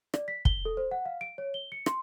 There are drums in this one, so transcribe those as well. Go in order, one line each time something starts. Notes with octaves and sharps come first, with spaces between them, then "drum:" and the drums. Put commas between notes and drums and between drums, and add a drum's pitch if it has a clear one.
D5, drum: rim click
B6
G7, drum: kick
A4
C5
F#5
F5
D7
C#5
G7
C#7
C6, drum: rim click